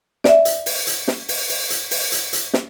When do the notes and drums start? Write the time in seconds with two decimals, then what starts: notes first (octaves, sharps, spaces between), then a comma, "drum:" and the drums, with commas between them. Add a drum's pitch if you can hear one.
0.24 D5 E5, drum: snare
0.45 drum: hi-hat
0.66 drum: open hi-hat
0.87 drum: hi-hat
1.08 drum: snare
1.28 drum: open hi-hat
1.49 drum: open hi-hat
1.70 drum: hi-hat
1.91 drum: open hi-hat
2.12 drum: hi-hat
2.33 drum: hi-hat
2.54 drum: snare